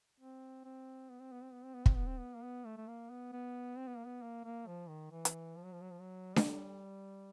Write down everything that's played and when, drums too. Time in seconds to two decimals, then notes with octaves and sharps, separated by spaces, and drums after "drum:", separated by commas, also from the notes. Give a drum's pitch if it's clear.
0.20 C4
0.65 C4
1.10 B3
1.20 C4
1.32 B3
1.42 C4
1.53 B3
1.64 C4
1.74 B3
1.86 C4, drum: kick
1.96 B3
2.07 C4
2.18 B3
2.36 A#3
2.43 B3
2.66 A3
2.77 A3
2.88 A#3
3.10 B3
3.33 B3
3.78 C4
3.88 B3
3.97 A#3
4.06 B3
4.22 A#3
4.45 A#3
4.67 F3
4.89 D#3
5.11 E3
5.25 drum: hi-hat
5.56 F3
5.64 F#3
5.73 F3
5.81 F#3
5.91 F3
6.01 F#3
6.36 G#3, drum: snare D4
6.46 G3